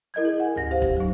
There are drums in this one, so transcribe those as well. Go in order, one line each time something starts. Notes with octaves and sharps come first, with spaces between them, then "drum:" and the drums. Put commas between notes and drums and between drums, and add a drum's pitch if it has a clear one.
E4 A#4 D#5 G6 G#6
G#4
F#5 G#5
D2 G#2 A#6
G4 C5 F5
drum: kick E1
F#3 D#4